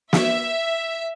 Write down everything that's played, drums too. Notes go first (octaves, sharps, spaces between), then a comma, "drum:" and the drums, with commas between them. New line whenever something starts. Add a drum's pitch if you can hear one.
E5, drum: snare